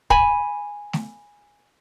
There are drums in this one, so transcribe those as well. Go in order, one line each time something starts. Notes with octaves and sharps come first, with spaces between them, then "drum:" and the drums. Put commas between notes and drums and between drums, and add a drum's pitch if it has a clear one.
G#5 B5, drum: kick
drum: snare A3